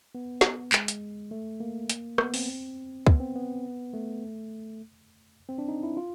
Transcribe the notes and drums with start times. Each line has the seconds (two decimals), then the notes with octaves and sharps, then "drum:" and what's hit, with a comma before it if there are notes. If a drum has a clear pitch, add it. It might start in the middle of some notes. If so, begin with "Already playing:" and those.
0.15 B3
0.41 drum: snare
0.73 G#3, drum: clap
0.88 drum: hi-hat
1.31 A3
1.60 A#3
1.89 drum: hi-hat
2.18 B3, drum: rim click
2.34 C4, drum: open hi-hat
3.07 B3, drum: kick
3.20 C4
3.36 B3
3.94 A3
5.49 C4
5.58 D4
5.68 D#4
5.83 E4
5.97 F4